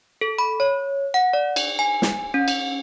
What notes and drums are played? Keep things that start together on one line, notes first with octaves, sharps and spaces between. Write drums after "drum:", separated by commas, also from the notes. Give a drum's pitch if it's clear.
A4
B5
C#5
F#5
D5
drum: cymbal
G#5
drum: snare
C#4
drum: cymbal